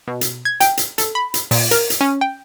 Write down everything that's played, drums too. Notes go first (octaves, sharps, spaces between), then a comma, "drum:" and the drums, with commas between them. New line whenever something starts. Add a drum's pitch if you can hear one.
B2
drum: hi-hat
G#6
G5, drum: hi-hat
drum: hi-hat
A4, drum: hi-hat
B5
drum: hi-hat
A#2, drum: open hi-hat
A#4, drum: hi-hat
drum: hi-hat
C#4
G5